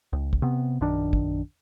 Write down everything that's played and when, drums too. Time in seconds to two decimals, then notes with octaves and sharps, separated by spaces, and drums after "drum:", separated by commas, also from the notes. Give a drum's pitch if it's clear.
0.13 C#2
0.33 drum: kick
0.42 C3 B3
0.81 A#1 F#2 D#3 D4
1.13 drum: kick